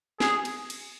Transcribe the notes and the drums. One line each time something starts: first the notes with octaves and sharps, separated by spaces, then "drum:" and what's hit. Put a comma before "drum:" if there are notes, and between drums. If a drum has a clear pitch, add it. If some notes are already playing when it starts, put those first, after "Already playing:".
G#4, drum: snare
drum: cymbal
drum: cymbal